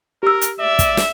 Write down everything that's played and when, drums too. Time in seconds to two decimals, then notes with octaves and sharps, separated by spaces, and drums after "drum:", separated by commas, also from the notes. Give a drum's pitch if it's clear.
0.23 G4 A#4 E6
0.41 drum: hi-hat
0.60 D5 E5
0.79 drum: kick, hi-hat
0.97 drum: snare